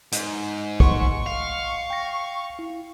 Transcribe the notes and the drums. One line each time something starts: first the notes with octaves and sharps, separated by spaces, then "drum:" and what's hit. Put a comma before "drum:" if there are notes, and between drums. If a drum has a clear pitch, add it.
G#2, drum: hi-hat
D#5 F#5 C6 C#6, drum: kick
F5
G5 A#6
E4